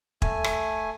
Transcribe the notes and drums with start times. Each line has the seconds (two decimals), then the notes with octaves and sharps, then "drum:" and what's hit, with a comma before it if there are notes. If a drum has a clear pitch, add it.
0.22 A3 G#5, drum: kick
0.44 drum: rim click